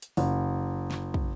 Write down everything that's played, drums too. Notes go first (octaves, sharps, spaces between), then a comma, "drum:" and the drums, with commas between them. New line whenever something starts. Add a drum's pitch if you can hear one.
drum: hi-hat
F#1, drum: open hi-hat
drum: snare
drum: kick